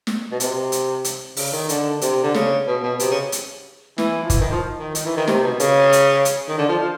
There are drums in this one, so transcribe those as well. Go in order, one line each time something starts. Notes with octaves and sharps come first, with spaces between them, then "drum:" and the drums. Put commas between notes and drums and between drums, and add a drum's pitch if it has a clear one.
drum: snare
B2
C3, drum: hi-hat
drum: hi-hat
drum: hi-hat
C#3, drum: open hi-hat
D#3
D3, drum: hi-hat
C3, drum: hi-hat
D3
C#3, drum: snare
B2
B2
C3, drum: hi-hat
C#3
drum: hi-hat
E3, drum: snare
F3
E3, drum: kick, hi-hat
D#3
F3
D#3
D#3, drum: hi-hat
E3
D#3
C3, drum: snare
B2
C#3, drum: hi-hat
drum: hi-hat
drum: hi-hat
D#3
D3
F3
F3